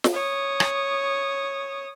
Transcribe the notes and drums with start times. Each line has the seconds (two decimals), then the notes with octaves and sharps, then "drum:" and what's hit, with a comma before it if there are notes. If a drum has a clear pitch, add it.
0.04 drum: snare
0.14 C#5 D#6
0.60 drum: rim click